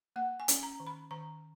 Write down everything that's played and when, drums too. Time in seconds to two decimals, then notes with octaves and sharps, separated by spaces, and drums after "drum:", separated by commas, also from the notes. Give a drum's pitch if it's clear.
0.16 A#3 F#5
0.40 G#5
0.48 C#4, drum: hi-hat
0.63 A#5
0.80 D#3
0.87 B5
1.11 D#3 A#5